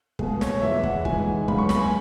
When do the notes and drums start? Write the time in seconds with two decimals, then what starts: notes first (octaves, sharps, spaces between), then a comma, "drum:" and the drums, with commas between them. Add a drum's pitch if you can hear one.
0.19 C#2 B2 G#3 G#4, drum: kick
0.41 C#5, drum: snare
0.62 E2 E3 G#3 E5
0.83 F#5, drum: kick
1.05 G#2 E3 G#3 G#5, drum: kick
1.48 C#2 C#3 F#3 B5, drum: kick
1.58 C#6
1.69 B5, drum: snare
1.81 G#5